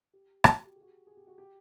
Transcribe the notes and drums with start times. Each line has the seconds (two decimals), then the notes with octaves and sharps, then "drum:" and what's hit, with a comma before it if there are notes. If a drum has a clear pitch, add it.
0.13 G4
0.44 F#4, drum: rim click
0.55 F#4
0.65 G4
0.76 G#4
0.81 F#4
0.86 G4
1.07 G#4
1.17 G4
1.27 F#4
1.38 G4